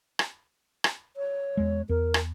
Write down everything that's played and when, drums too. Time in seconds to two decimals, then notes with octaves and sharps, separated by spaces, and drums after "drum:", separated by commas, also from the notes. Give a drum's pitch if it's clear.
0.19 drum: rim click
0.84 drum: rim click
1.17 C#5
1.57 E2 G#3
1.89 E2 A#4
2.14 drum: rim click